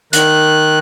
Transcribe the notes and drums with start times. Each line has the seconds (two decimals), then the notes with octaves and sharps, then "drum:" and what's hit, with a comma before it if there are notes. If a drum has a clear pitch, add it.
0.13 D#3 F#6, drum: hi-hat